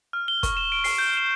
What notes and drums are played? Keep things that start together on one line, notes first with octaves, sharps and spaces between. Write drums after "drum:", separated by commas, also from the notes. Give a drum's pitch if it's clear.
F6
G7
C#6, drum: kick, hi-hat
E7
D7
C7, drum: open hi-hat
G6
E7